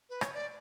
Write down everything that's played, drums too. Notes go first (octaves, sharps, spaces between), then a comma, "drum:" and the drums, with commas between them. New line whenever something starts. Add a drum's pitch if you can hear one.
B4
C#5, drum: rim click
D5